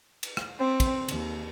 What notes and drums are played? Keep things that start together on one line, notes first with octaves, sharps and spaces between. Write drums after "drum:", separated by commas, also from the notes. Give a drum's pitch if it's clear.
drum: cymbal
drum: rim click
C4
drum: kick, cymbal
D#2, drum: cymbal